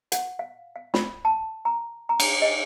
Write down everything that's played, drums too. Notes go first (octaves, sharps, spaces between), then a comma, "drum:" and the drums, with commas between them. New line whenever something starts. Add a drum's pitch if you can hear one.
F#5, drum: hi-hat
F5
F5
B5, drum: snare
A5
A#5
A#5
drum: cymbal
D#5